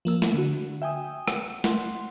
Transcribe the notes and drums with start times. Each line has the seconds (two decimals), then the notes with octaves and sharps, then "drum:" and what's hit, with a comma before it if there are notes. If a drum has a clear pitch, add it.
0.05 F3 A#3 E6
0.22 drum: snare
0.34 D3 F#4
0.82 E5 G5 G#5 D#6
1.28 drum: rim click
1.64 F#5 C6, drum: snare